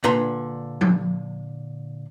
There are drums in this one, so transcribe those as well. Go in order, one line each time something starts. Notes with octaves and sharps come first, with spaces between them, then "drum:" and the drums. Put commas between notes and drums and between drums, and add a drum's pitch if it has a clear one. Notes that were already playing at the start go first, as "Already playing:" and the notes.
A#2 D3 B4 A#5 C6
drum: tom F3